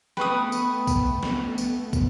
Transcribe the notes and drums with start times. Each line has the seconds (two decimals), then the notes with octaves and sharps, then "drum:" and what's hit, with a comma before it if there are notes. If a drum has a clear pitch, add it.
0.17 A3 B3 B4 G5 B5 C#6 D#6, drum: snare
0.52 drum: tambourine
0.87 drum: kick, tambourine
1.23 drum: snare
1.58 drum: tambourine
1.93 drum: kick, tambourine